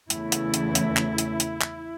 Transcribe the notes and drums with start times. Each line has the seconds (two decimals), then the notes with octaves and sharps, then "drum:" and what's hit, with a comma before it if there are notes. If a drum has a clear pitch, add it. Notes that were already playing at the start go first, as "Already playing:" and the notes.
0.10 E2 C#3 A3 E4, drum: hi-hat
0.32 drum: hi-hat
0.54 drum: hi-hat
0.75 drum: hi-hat
0.97 drum: clap
1.18 drum: hi-hat
1.40 drum: hi-hat
1.61 drum: clap